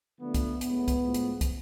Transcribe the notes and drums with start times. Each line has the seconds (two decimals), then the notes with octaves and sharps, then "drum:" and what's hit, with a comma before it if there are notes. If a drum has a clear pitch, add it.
0.21 D3 F3 A3 B3
0.34 drum: kick, hi-hat
0.61 A2 G#3 B3, drum: hi-hat
0.88 drum: kick, hi-hat
1.01 A2 F3 G#3
1.14 drum: hi-hat
1.41 drum: kick, hi-hat